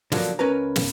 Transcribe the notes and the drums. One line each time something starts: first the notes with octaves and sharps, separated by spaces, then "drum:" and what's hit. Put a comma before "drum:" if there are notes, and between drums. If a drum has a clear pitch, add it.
D3 F3 F#3 A#3 D4, drum: snare
C#2 C#4 A#4 B4 A#5
drum: snare